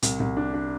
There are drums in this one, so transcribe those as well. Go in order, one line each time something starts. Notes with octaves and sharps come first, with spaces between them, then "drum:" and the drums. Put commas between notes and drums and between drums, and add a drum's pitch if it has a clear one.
C2, drum: hi-hat
C2
D4
D4